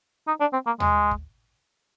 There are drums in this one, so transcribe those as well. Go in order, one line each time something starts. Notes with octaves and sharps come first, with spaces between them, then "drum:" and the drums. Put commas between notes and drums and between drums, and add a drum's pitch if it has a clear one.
D#4
D4
C4
A#3
G#3, drum: tom D#2
drum: kick